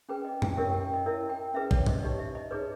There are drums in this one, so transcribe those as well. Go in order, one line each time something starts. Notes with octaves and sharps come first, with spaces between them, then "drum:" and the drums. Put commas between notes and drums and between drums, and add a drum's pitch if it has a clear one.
C#4 G#4 B4 G5
D#5
G5, drum: tom F#2
C#4 G4 A#4 C#5 E5
G5
G5
D#5
E4 A#4 C#5 E5
G5
C#4 G#4 B4 E5
C#5, drum: kick A1
D#5, drum: tom G2
D#4 G4 C#5 D#5
E5
D#5
D#4 G#4 B4 C#5